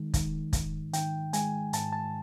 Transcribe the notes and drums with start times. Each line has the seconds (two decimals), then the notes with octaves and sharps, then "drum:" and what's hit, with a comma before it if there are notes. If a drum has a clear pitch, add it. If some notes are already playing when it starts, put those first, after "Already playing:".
Already playing: D#3 G#3
0.14 D#3, drum: kick, hi-hat
0.53 G#2, drum: kick, hi-hat
0.93 D#3 G5, drum: hi-hat
1.33 G#3 G#5, drum: hi-hat
1.73 G#2 A5, drum: hi-hat
1.93 A5